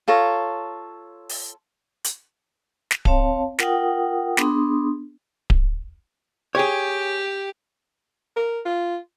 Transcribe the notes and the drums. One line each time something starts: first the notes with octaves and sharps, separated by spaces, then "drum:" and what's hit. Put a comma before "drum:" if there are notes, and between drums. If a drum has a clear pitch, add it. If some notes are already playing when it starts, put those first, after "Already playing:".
F4 A4 C#5 A#5
drum: open hi-hat
drum: hi-hat
drum: snare
C4 C#5 F5 A5, drum: kick D1
F4 A#4 F#5 G5 D#6, drum: snare
B3 D4 G#4 C6 D#6, drum: snare
drum: kick D1
G4 G#4 C#5 G5
A#4
F4